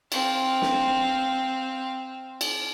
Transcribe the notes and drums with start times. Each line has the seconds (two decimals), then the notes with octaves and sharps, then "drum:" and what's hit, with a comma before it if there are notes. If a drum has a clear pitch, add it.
0.12 C4 F5, drum: cymbal
0.62 drum: snare
2.41 drum: cymbal